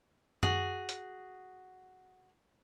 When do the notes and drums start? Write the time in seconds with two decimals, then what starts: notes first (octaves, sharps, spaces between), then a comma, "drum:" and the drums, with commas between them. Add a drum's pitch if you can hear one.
0.43 F#4 G#4, drum: tom F#2
0.89 drum: hi-hat